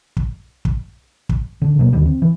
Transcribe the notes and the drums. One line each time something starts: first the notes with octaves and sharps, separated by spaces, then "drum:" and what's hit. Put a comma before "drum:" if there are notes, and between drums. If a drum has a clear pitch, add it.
drum: kick
drum: kick
drum: kick
D3 D4
B2 F#3 A#3
D#2 D3 D#3 G3
C4
E3